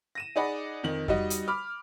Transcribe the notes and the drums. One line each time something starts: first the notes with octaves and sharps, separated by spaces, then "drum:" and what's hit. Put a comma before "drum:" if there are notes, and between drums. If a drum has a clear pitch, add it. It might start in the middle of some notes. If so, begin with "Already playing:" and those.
A#6 D#7 E7
D#4 G#4 D5 D#5 F#5 B5
F2 D#3 F#7
G3 D#4 F#4 D#5, drum: kick F2
drum: hi-hat
B5 D6 F6